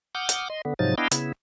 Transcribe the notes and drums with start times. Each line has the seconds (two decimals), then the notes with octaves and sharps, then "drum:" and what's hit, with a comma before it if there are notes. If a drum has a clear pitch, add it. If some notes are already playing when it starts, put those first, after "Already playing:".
0.15 F#5 D6 D#6 F6 G6
0.29 drum: hi-hat
0.50 D#5 C6
0.65 D3 B3
0.79 G#2 C3 F3 F#3 D#4 A6
0.98 B3 D4 E4 D#5 F5 G5
1.11 C#3 B3 E4, drum: hi-hat